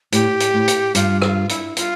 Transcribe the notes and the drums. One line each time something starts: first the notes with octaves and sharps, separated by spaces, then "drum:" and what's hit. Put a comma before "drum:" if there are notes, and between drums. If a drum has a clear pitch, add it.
A2 G4, drum: hi-hat
drum: hi-hat
A2
drum: hi-hat
G2 F4, drum: hi-hat
G4, drum: rim click
F4
E4, drum: hi-hat
F4, drum: hi-hat